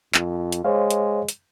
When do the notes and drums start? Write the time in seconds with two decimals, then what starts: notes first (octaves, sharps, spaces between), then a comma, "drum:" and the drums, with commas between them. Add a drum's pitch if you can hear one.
0.14 F2, drum: clap
0.52 drum: hi-hat
0.65 G#3 C5 C#5 F5
0.90 drum: hi-hat
1.29 drum: hi-hat